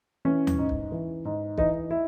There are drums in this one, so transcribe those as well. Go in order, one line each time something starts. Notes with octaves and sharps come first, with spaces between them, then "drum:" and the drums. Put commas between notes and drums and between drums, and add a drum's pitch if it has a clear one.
E3 C#4
drum: tom D#2
G#2
drum: kick
E3
G#2
E3 D#4, drum: kick
E4